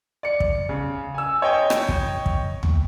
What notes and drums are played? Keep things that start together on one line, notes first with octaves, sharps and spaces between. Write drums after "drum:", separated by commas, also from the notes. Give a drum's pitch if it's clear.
D5 C#7
drum: kick
C#3
G#5 E6
C#5 D#5 G5
drum: rim click
drum: kick
drum: kick
drum: tom